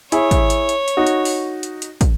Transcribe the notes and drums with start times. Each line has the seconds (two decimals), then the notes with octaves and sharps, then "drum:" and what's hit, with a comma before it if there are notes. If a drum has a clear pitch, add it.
0.12 E4 G#4 C#5, drum: hi-hat
0.31 drum: kick, hi-hat
0.50 drum: hi-hat
0.69 drum: hi-hat
0.88 drum: hi-hat
0.97 D#4 F#4
1.07 drum: hi-hat
1.25 drum: open hi-hat
1.63 drum: hi-hat
1.82 drum: hi-hat
2.01 drum: kick, hi-hat